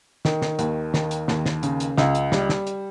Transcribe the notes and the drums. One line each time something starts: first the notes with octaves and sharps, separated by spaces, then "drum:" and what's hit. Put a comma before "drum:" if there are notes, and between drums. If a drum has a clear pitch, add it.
D#3, drum: snare
drum: snare
D#2, drum: hi-hat
D#3, drum: snare
drum: hi-hat
D#2, drum: snare
drum: snare
C#3, drum: hi-hat
drum: hi-hat
C#2, drum: snare
drum: hi-hat
G3, drum: snare
drum: snare
drum: hi-hat